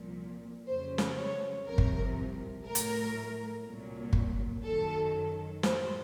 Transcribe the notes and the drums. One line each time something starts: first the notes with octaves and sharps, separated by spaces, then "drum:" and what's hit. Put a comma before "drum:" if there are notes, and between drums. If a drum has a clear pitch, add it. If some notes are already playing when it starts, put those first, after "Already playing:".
Already playing: C2 A#2 F3
F2 C#3 F#3 C5
drum: snare
C#5
C2 C3 F3 A#4
drum: kick G1
A2 F#3 A#4
drum: hi-hat
C2 A#2 F#3
drum: kick G1
F#2 D#3 F#3 A4
A2 F#3 C5, drum: snare